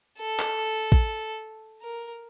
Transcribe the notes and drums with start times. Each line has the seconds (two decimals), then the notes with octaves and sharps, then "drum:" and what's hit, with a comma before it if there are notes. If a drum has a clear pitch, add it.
0.19 A4
0.39 drum: clap
0.92 drum: kick A1
1.81 A#4